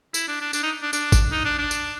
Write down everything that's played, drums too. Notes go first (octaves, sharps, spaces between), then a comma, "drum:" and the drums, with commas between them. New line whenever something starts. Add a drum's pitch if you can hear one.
E4, drum: tambourine
D4
D4
D4, drum: tambourine
D#4
D4
D4, drum: tambourine
drum: kick G#1, tambourine
D#4
D4
D4
drum: tambourine